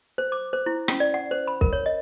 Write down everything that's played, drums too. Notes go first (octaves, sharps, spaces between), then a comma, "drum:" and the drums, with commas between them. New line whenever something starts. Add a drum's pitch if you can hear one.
C5
D6
C5
E4
C#4, drum: rim click
D5
F#5
C5
B5
A#4, drum: kick
C#5
D#5